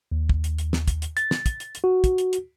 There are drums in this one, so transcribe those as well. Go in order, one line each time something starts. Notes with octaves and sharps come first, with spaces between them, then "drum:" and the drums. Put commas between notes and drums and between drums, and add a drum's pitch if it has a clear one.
D#2
drum: kick
drum: hi-hat
drum: hi-hat
drum: snare
drum: kick, hi-hat
drum: hi-hat
A6, drum: hi-hat
drum: snare
drum: kick, hi-hat
drum: hi-hat
drum: hi-hat
F#4
drum: kick, hi-hat
drum: hi-hat
drum: hi-hat